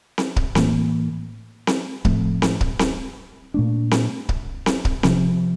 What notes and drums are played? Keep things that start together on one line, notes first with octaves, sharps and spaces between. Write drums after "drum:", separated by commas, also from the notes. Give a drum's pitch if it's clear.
drum: snare C4
drum: kick C#1
A2 E3 A#3, drum: snare C4
drum: snare C4
A2 F3 A3 C4, drum: kick C#1
drum: snare C4
drum: kick C#1
drum: snare C4
A#2 A3 D4
drum: snare C4
drum: kick C#1
drum: snare C4
drum: kick C#1
C3 F3 C4, drum: snare C4